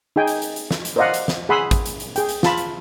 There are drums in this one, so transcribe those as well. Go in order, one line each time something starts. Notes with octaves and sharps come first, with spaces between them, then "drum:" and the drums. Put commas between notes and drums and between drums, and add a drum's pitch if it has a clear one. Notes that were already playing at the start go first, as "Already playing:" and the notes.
D#4 G#4 G5 G#5
drum: hi-hat
drum: hi-hat
drum: hi-hat
drum: snare
drum: hi-hat
A#4 C5 D5 D#5 F5 F#5
drum: hi-hat
drum: snare
G#4 F#5 B5 C6 D#6 E6
drum: kick, hi-hat
drum: hi-hat
drum: hi-hat
G#4 G5, drum: hi-hat
drum: hi-hat
F4 A5 B5, drum: snare
drum: hi-hat